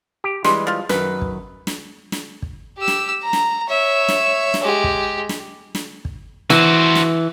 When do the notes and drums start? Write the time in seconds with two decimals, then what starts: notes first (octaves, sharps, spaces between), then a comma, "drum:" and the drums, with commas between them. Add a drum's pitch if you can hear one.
0.24 G4
0.44 E3 G3 G#3 B5 C6, drum: snare
0.67 F3 F4
0.89 F#2 D#3 B4, drum: snare
1.22 drum: kick
1.67 drum: snare
2.12 drum: snare
2.42 drum: kick
2.78 G4 E6
2.88 drum: snare
3.23 A#5
3.33 drum: snare
3.69 C#5 E5
4.09 drum: snare
4.54 drum: snare
4.64 G#3 G4
4.84 drum: kick
5.29 drum: snare
5.75 drum: snare
6.05 drum: kick
6.50 E3 F#4 C5, drum: snare
6.95 drum: snare